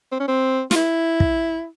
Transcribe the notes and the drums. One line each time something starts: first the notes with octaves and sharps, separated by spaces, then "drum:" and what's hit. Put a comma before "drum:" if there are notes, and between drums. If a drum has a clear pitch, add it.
C4
C#4
C4
F4, drum: snare
E4
drum: kick